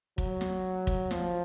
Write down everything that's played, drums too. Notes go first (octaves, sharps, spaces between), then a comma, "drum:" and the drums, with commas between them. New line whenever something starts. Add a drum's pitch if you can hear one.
F#3, drum: kick
drum: snare
drum: kick
F3, drum: snare